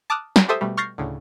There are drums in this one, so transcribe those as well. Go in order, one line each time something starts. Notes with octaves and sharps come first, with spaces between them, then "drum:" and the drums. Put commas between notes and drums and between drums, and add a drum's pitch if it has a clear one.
A5 D6 D#6 F6 F#6
drum: snare
G4 A4 C5 E5 D#6
B2 G3 A3
C#6 F6 G6 A6 A#6 C7
D2 A2 C#3